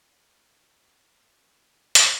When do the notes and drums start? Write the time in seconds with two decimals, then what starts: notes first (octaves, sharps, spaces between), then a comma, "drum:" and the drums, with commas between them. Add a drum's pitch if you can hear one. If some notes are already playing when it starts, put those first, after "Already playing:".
0.16 A#4 G5 A#5 C#6
1.95 drum: hi-hat